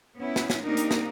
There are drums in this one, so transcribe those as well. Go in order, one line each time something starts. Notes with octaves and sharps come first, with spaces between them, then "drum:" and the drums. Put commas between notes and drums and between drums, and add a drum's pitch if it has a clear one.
B3 C#4 E4
drum: snare
drum: snare
A#3 C4 D4 D#4 G4 A#4
drum: hi-hat
drum: snare